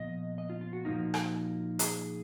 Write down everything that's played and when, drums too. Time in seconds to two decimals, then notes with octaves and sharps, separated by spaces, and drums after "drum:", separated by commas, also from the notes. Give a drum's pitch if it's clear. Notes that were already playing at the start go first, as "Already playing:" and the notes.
Already playing: A#2 F3 B3 D#5
0.38 D#5
0.50 F4
0.61 F4
0.73 F#4
0.85 A#2 F3 A#3 D#4 F#4
1.14 drum: rim click
1.79 G#4, drum: hi-hat